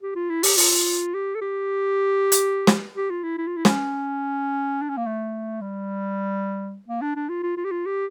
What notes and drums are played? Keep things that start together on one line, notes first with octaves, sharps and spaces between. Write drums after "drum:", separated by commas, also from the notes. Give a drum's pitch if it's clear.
G4
F4
E4
G4, drum: open hi-hat
F4, drum: open hi-hat
G4
A4
G4
drum: hi-hat
drum: snare
G4
F4
E4
E4
F4
E4
C#4, drum: snare
D4
C#4
A#3
A3
G3
A#3
D4
D4
F4
F4
F4
G4
F4
G4